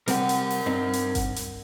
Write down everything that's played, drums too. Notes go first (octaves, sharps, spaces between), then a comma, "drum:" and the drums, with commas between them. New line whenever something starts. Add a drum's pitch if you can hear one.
C3 G3 C4 A#4 F#5, drum: hi-hat
drum: hi-hat
drum: open hi-hat
G2 C4 D#4
drum: hi-hat
drum: kick G1, hi-hat
drum: hi-hat